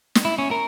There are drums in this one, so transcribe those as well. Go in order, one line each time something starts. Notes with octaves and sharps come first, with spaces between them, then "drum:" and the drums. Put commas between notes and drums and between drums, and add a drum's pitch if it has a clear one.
drum: snare
E4
C#4
A#4